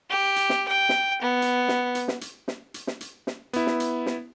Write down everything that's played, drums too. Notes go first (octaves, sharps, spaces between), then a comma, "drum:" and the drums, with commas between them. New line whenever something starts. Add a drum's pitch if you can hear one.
G4
drum: hi-hat
drum: snare
G5
drum: snare
B3
drum: hi-hat
drum: snare
drum: hi-hat
drum: snare
drum: hi-hat
drum: snare
drum: hi-hat
drum: snare
drum: hi-hat
drum: snare
B3 E4, drum: hi-hat
drum: snare
drum: hi-hat
drum: snare